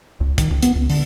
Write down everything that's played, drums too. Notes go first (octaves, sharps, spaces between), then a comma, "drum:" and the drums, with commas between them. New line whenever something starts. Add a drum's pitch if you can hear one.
C#2
D#3, drum: kick, hi-hat
C#2
B3, drum: hi-hat
C#2
D3, drum: open hi-hat